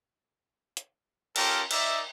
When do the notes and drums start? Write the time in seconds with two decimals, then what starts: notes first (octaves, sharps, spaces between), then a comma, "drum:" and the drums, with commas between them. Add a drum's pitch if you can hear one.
0.77 drum: hi-hat
1.36 C#4 F4 G4 A4 A#4, drum: cymbal
1.71 D#4 D5 E5, drum: cymbal